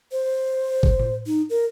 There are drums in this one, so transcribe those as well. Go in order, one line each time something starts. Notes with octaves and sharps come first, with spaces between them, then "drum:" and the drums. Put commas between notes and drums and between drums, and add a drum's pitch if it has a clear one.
C5
drum: kick G#1
drum: tom A2
D#4
A#4